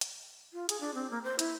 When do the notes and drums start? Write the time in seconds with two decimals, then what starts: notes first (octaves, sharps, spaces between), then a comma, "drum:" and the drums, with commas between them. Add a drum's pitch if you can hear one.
0.01 drum: hi-hat
0.53 F4
0.69 G#4, drum: hi-hat
0.81 D4
0.94 C4
1.11 A#3
1.24 C5
1.39 E4, drum: hi-hat